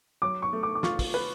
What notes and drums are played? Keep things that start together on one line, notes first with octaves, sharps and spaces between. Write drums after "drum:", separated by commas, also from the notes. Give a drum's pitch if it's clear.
F#3 D6
C#6
A3
D6
D6
F4 C#6, drum: snare
drum: kick, open hi-hat
B4